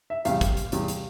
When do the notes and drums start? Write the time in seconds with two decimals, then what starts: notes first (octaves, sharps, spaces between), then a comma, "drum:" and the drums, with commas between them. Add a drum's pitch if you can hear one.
0.10 E5
0.25 E2 C3 G3 F5, drum: hi-hat
0.41 drum: kick, hi-hat
0.57 drum: hi-hat
0.72 E2 C3 G3, drum: hi-hat
0.88 drum: hi-hat